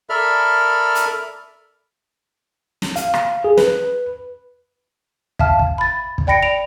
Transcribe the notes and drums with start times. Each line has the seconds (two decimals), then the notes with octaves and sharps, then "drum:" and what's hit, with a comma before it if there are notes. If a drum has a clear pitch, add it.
0.10 A4 A#4 D5 E5 B5 F6
0.95 drum: hi-hat
2.82 drum: snare
2.96 F5, drum: hi-hat
3.14 drum: rim click
3.44 G#4
3.57 B4, drum: snare
5.39 E5 F5 A5 F6, drum: kick
5.59 drum: kick
5.78 B5 A6
6.18 drum: kick
6.27 D5 G5 B5 A#6 C#7 D7
6.43 D7 F7